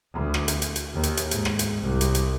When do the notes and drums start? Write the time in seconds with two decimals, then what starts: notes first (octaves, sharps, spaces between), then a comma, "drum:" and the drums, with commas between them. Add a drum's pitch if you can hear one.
0.14 D2
0.34 drum: rim click
0.48 drum: hi-hat
0.62 drum: hi-hat
0.76 drum: hi-hat
0.93 D#2
1.03 drum: hi-hat
1.17 drum: hi-hat
1.31 G#2, drum: hi-hat
1.45 drum: rim click
1.59 drum: hi-hat
1.80 C2
2.01 drum: hi-hat
2.15 drum: hi-hat